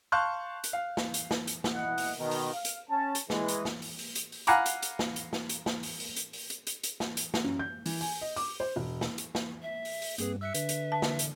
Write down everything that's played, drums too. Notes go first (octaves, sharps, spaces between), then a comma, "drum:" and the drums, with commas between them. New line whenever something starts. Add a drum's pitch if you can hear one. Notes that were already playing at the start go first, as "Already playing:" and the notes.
F5 A5 C6 C#6 F#6 G6
drum: hi-hat
F5
drum: snare
drum: hi-hat
drum: snare
drum: hi-hat
drum: snare
B2 E4 D#5 F#5
drum: open hi-hat
B2 D#3
drum: open hi-hat
F5
drum: hi-hat
C#4 A5
drum: hi-hat
E3 G#3, drum: snare
drum: hi-hat
drum: snare
drum: open hi-hat
drum: open hi-hat
drum: hi-hat
drum: open hi-hat
F5 F#5 G#5 A#5 B5 D6, drum: hi-hat
drum: hi-hat
drum: hi-hat
drum: snare
drum: hi-hat
drum: snare
drum: hi-hat
drum: snare
drum: open hi-hat
drum: open hi-hat
drum: hi-hat
drum: open hi-hat
drum: hi-hat
drum: hi-hat
drum: hi-hat
drum: snare
drum: hi-hat
drum: snare
F#2
G6
E3, drum: open hi-hat
G#5, drum: open hi-hat
D#5
D6, drum: open hi-hat
C5
E1
drum: snare
drum: hi-hat
drum: snare
E5
drum: open hi-hat
drum: open hi-hat
G2 A#3 C4 G#4 B4, drum: hi-hat
E5 E6 F#6 C#7
D3 B4, drum: hi-hat
drum: hi-hat
A5
drum: snare
drum: hi-hat